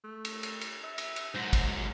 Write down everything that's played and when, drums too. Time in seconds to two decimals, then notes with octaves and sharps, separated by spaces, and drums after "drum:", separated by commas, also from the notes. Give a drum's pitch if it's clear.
0.04 A3
0.25 drum: cymbal
0.43 drum: cymbal
0.61 drum: cymbal
0.84 E5
0.98 drum: cymbal
1.16 drum: cymbal
1.35 G#2 F#3 C5
1.53 drum: kick, cymbal
1.77 F4